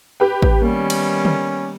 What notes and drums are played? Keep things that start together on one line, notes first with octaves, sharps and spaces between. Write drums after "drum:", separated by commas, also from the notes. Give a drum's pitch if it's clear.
G4 B4 G5
drum: kick A1
D#3 G3 A#3 B3 C#4
drum: cymbal
drum: tom D3